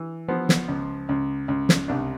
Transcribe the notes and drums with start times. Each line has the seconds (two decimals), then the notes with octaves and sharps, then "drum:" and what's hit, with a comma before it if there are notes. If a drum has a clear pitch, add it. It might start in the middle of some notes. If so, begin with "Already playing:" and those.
Already playing: E3
0.28 F3 B3
0.49 drum: snare
0.68 C#2
1.09 C#2
1.48 C#2
1.69 drum: snare
1.88 C2 D4